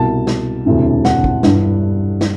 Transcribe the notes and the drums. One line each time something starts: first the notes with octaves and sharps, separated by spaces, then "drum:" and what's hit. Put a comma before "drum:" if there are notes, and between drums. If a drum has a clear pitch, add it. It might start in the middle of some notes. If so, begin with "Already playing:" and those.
Already playing: C2 B2 A5
drum: snare
E1 D2 C3 E3
F#5, drum: snare
drum: kick
G1 G2 E3, drum: snare
drum: snare